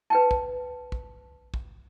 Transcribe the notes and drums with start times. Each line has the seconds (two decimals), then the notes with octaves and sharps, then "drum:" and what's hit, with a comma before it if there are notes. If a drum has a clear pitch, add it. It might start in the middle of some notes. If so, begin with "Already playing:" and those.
0.10 B4 G5 A5
0.31 drum: kick
0.92 drum: kick
1.54 drum: kick